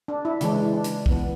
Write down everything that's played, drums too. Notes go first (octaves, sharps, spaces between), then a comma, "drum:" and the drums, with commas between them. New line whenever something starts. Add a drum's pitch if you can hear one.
D4
E4
C#3 E3 G#3 D4, drum: hi-hat
D4
drum: hi-hat
E3 B3, drum: kick B1